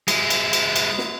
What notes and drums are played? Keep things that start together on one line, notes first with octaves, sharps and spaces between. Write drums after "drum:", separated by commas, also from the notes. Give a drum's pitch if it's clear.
G#3 E4, drum: cymbal
drum: cymbal
drum: cymbal
drum: cymbal
drum: snare